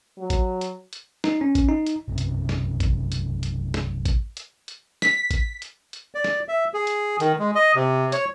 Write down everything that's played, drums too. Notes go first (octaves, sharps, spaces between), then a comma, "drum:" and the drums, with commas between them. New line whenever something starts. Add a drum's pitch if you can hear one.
F#3
drum: kick A1, hi-hat
drum: hi-hat
drum: hi-hat
D#4, drum: snare
C#4
drum: kick A1, hi-hat
D#4
drum: hi-hat
B1 F#2 C3
drum: hi-hat
drum: snare
drum: kick A1, hi-hat
drum: hi-hat
drum: hi-hat
drum: snare
drum: kick A1, hi-hat
drum: hi-hat
drum: hi-hat
B6, drum: snare
drum: kick A1, hi-hat
drum: hi-hat
drum: hi-hat
D5
drum: snare
E5
G#4
drum: hi-hat
D#3, drum: hi-hat
G#3
D#5
C3
C#5, drum: hi-hat